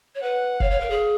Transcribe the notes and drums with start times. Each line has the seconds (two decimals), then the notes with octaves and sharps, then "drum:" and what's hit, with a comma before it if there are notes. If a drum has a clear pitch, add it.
0.15 C#5
0.22 B4 F#5
0.60 C#5 F5, drum: kick
0.70 C#5
0.80 A#4
0.90 G#4